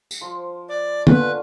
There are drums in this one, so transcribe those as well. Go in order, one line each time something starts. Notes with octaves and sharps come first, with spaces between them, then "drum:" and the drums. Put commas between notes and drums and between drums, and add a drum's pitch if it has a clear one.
drum: tambourine
F3 C6
D5
D3 C#4 F4 B4, drum: tom D3